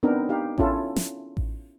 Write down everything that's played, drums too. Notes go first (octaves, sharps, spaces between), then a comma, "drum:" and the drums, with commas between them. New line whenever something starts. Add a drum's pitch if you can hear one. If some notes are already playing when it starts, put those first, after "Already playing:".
B3 C4 D4 D#4 A#4
D#4 G4 F5
C#4 E4 F4 A4, drum: kick A1
drum: snare
drum: kick A1